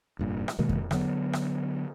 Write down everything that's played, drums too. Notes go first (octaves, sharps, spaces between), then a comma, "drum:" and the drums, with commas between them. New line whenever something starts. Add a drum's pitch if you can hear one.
F1 G2 A#2
drum: rim click
B2 D#3 G#3 A#3
drum: kick F2
D3 F#3 B3, drum: rim click
drum: rim click